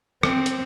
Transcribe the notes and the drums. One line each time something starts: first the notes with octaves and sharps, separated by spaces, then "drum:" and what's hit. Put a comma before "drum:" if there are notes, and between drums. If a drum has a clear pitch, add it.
C4, drum: rim click
drum: hi-hat